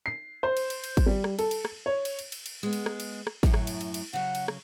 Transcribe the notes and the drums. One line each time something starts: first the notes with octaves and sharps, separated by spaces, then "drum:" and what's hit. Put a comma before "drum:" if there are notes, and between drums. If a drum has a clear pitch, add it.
C7
C5
drum: cymbal
drum: cymbal
drum: cymbal
drum: kick, cymbal
G3
drum: rim click
A4, drum: cymbal
drum: cymbal
drum: rim click
C#5
drum: cymbal
drum: cymbal
drum: cymbal
drum: cymbal
G#3 B3
drum: cymbal
drum: rim click
drum: cymbal
drum: rim click
F#2 A2 F#3, drum: kick, cymbal
drum: rim click
drum: cymbal
drum: cymbal
drum: cymbal
C#3 F#3 F#5
drum: cymbal
drum: rim click